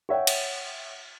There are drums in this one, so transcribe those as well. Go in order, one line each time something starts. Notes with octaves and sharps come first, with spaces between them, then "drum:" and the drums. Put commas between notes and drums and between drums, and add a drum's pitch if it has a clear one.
C#5 E5 F#5 G5
drum: cymbal